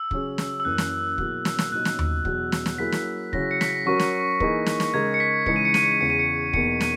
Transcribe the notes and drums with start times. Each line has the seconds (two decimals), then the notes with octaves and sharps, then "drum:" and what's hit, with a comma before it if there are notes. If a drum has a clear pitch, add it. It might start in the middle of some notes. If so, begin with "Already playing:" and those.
Already playing: E6
0.11 C#3 F#3 C#4 G#4, drum: kick
0.38 drum: snare
0.60 E6
0.65 F#2 E3 A#3 F#6
0.78 drum: snare
1.18 B2 F#3 A#3 E4 G#4, drum: kick
1.45 drum: snare
1.59 drum: snare
1.72 A#2 F#3 B3 D#4 F#6
1.85 drum: snare
1.99 drum: tom D#2
2.25 E2 B2 F#3 B3 F#4, drum: kick
2.52 drum: snare
2.66 drum: snare
2.78 F#3 A#3 E4 G#4 B6
2.92 drum: snare
3.33 C#3 F#3 C#4 E4 A#6, drum: kick
3.51 C#7
3.61 B6, drum: snare
3.69 A#6
3.86 F#3 C#4 F#4 A#4 C#6
4.00 drum: snare
4.40 E3 A#3 D#4 G#4, drum: kick
4.67 drum: snare
4.80 drum: snare
4.94 C#3 G#3 D#4 A#4 G#6
5.14 C#7
5.20 B6
5.46 C#3 E3 G#3 D#4 C#7, drum: kick
5.56 D#7
5.65 C#7
5.74 D#7, drum: snare
5.83 C#7
5.92 D#7
6.00 E2 C#3 E3 C#7
6.10 D#7
6.19 C#7
6.53 E2 B2 A#3 D#4 C#7, drum: kick
6.81 D#7, drum: snare